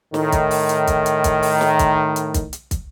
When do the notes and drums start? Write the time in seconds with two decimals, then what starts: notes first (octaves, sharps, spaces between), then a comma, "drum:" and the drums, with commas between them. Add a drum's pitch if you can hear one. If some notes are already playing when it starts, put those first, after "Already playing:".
0.14 A2 D#3, drum: snare
0.32 drum: kick, hi-hat
0.51 drum: open hi-hat
0.69 drum: hi-hat
0.87 drum: kick, hi-hat
1.06 drum: hi-hat
1.24 drum: kick, hi-hat
1.42 drum: open hi-hat
1.61 drum: snare
1.79 drum: kick, hi-hat
2.16 drum: hi-hat
2.34 drum: kick, hi-hat
2.53 drum: hi-hat
2.71 drum: kick, hi-hat